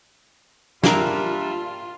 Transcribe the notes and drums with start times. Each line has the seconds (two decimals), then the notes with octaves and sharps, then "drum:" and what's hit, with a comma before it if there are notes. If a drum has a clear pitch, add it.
0.84 G3 A#3 D4 F4 G#4 A#4 E5, drum: snare